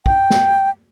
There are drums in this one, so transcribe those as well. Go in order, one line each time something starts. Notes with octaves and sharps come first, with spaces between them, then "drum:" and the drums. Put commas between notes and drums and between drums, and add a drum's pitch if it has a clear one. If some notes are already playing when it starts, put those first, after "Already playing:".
G5, drum: kick
drum: snare